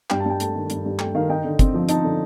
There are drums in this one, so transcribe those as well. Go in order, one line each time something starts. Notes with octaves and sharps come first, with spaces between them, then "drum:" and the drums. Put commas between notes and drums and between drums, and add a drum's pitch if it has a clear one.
G2 G5, drum: clap
A5
G2 G5
A3 A5, drum: hi-hat
D#3
G2, drum: hi-hat
G2
A3 G5, drum: clap
D#3 F5
D#4 G5
D3
C4, drum: kick, hi-hat
F3
D#4 A5, drum: hi-hat
D3